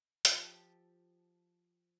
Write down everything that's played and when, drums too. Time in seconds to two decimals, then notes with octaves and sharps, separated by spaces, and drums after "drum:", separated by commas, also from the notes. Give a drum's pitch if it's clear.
0.25 F3 G4 A4, drum: hi-hat